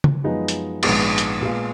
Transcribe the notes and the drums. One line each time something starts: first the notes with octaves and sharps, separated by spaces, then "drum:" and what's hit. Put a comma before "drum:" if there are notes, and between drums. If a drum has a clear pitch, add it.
drum: tom C#3
F#2 F3 G#3 B3 D#4
drum: hi-hat
A#1 G#2 D#3 G#3 B3, drum: cymbal
drum: hi-hat
A#2 G#3 B3 F4